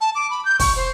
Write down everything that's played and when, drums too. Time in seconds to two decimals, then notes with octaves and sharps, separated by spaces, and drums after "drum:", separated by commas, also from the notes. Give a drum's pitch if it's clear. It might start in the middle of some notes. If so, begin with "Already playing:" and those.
0.01 A5
0.15 D6
0.30 B5
0.45 G6
0.59 C#6, drum: kick, open hi-hat
0.76 C5